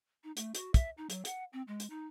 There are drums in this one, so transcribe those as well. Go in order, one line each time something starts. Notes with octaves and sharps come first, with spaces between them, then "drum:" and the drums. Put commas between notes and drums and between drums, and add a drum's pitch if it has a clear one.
D#4
A3, drum: hi-hat
F#4, drum: hi-hat
E5, drum: kick, hi-hat
D#4
F#3, drum: hi-hat
F#5, drum: hi-hat
C4
G#3
drum: hi-hat
D#4